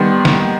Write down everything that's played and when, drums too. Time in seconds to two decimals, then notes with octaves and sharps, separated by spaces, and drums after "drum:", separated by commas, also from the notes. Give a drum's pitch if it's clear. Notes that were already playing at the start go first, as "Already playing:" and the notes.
Already playing: D#3 G3 B3 C6
0.25 drum: snare